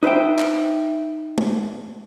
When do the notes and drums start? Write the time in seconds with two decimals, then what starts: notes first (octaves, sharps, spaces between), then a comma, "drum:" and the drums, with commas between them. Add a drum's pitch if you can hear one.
0.03 D#4 B4 C5 E5 G5
0.39 drum: clap
1.38 drum: tom